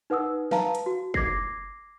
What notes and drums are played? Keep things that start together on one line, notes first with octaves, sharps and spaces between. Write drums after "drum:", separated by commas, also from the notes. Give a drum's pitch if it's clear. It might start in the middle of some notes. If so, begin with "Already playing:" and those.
D#4 B4 F#5 D#6 E6
B4 F5 A5 A#5, drum: snare
drum: hi-hat
F#4
D6 G#6 A#6 C7, drum: kick